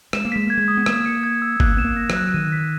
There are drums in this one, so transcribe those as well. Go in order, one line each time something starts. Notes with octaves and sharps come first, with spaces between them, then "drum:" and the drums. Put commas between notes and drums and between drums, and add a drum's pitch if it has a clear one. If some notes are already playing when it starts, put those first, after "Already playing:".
G#3 E7, drum: rim click
A#3
G#3 B6
A#3 G#6
G#3
D#6
B3
A#3 E7, drum: rim click
C#7
G#6
E6
A#3 F#6, drum: kick G1
B3 E7
A#3
A#6
F#3, drum: rim click
F#6
D#3 D#7
B6